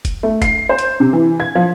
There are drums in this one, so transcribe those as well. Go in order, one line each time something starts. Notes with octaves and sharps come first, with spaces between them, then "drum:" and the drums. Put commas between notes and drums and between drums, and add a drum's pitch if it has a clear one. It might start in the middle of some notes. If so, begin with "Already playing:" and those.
drum: kick F1, hi-hat
A3
C7, drum: kick F1, hi-hat
C5
drum: hi-hat
C3
E3
G#6
F3